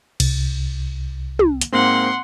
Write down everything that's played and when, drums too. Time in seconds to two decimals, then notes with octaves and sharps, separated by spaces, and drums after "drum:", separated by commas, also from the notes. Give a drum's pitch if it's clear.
0.20 C2, drum: cymbal
1.39 drum: tom
1.61 drum: hi-hat
1.72 G#2 A#3 C4 F#5 C6